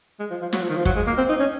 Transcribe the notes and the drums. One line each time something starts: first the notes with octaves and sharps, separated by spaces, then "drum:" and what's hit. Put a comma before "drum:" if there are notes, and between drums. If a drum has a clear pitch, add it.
G#3
F3
F3
F#3, drum: snare
F3
D#3
F3
F#3, drum: kick
G#3
A#3
C4
D#4
C#4